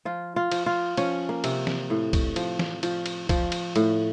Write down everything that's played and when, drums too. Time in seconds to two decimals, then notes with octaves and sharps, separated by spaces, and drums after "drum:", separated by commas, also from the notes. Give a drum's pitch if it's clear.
0.05 F3 F4
0.36 F4
0.51 F3, drum: cymbal
0.66 F4
0.97 F3 C#4, drum: cymbal
1.29 A#3
1.44 C3, drum: cymbal
1.67 drum: snare
1.90 A2
2.13 drum: kick B1, cymbal
2.36 F3, drum: cymbal
2.59 drum: snare
2.83 F3, drum: cymbal
3.06 drum: cymbal
3.29 F3, drum: kick B1, cymbal
3.52 drum: cymbal
3.76 A2, drum: cymbal